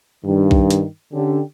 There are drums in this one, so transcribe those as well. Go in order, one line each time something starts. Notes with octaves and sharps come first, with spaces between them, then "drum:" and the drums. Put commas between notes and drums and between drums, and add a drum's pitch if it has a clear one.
G2 D#3
drum: kick B1
drum: hi-hat
D3 C#4 G4